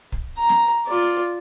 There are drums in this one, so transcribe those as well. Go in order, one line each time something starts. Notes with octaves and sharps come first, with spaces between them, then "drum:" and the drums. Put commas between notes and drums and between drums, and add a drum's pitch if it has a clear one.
drum: kick
A#5
drum: snare
F4 D5